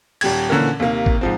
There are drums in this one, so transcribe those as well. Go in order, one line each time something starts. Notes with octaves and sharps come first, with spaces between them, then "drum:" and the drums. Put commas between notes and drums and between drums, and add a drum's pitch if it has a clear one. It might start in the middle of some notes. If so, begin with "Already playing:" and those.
D#1 G3 G4 G#6, drum: cymbal
A#2 D3 E3 C#4 A#4
D#2 C3 A#3
drum: kick
G#2 F3 C4